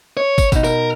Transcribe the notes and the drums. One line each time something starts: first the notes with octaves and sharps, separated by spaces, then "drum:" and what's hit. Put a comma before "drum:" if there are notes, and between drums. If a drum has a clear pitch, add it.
C#5
drum: kick, tambourine
B2 D#4, drum: kick, tambourine
A#4, drum: tambourine